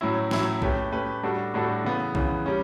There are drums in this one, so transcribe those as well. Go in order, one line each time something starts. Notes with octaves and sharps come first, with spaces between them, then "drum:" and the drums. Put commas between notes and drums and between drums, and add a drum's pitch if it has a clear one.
A2 F#3 C#4 E4
A2 F#3 C#4 E4, drum: snare
A3 C#4 G4 B4, drum: kick B1
A3 C#4 G4 B4
A2 G3 D4 F#4 A4
A2 G3 D4 F#4 A4
C#3 E3 B3
C#3 E3 B3, drum: kick B1
G3 C#4